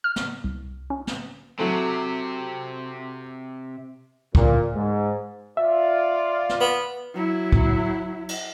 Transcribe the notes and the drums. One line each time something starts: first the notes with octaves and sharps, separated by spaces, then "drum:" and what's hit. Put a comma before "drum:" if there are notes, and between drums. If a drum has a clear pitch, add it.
F6
drum: snare
C2
C#4
drum: snare
C3 F#3 A3
A#2, drum: kick
G#2
F4 D5 E5
drum: snare
B3
F#3 E4
drum: kick
drum: cymbal